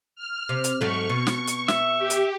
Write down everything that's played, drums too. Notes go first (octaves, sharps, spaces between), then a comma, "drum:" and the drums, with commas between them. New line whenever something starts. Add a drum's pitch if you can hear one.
F6
C3
drum: hi-hat
G#2 F#3 A3 C#6
B2
drum: snare
drum: hi-hat
E5, drum: snare
G4
drum: hi-hat